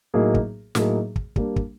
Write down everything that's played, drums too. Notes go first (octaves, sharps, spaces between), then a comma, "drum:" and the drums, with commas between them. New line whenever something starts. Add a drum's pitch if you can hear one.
A2 F#3 A#3 D#4 G#4
drum: kick
A2 F#3 A#3 D#4 G#4, drum: snare
drum: kick
G3 A#3 D4, drum: kick
drum: kick